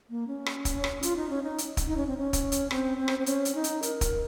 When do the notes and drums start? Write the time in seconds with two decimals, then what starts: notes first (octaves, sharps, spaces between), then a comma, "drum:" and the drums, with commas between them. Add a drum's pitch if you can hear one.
0.10 A#3
0.27 C#4
0.46 drum: rim click
0.65 drum: kick, hi-hat
0.84 drum: rim click
1.03 F4, drum: hi-hat
1.16 D#4
1.29 C#4
1.43 D#4
1.58 drum: hi-hat
1.77 drum: kick, hi-hat
1.87 D#4
1.97 C#4
2.07 C4
2.18 C#4
2.33 drum: kick, hi-hat
2.52 drum: hi-hat
2.71 C4, drum: rim click
2.98 C4
3.08 drum: rim click
3.19 C4
3.26 C#4, drum: hi-hat
3.45 drum: hi-hat
3.55 D#4
3.64 drum: hi-hat
3.83 A#4, drum: hi-hat
4.01 drum: kick, hi-hat